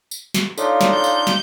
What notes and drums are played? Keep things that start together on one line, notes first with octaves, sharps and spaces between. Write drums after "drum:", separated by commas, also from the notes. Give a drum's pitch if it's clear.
drum: tambourine
drum: snare
D4 D#4 F4 A4 C#5 F5, drum: tambourine
drum: snare
G6
drum: tambourine
drum: snare